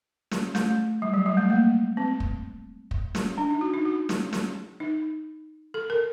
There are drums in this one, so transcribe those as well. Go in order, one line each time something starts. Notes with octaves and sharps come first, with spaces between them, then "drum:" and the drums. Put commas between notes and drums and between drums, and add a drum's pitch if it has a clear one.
drum: snare
A3, drum: snare
G3
F#3
G3
A3
A#3
C4
drum: kick
drum: kick
drum: snare
D4
D#4
F#4
D#4
F#4
drum: snare
drum: snare
D#4
A4
A#4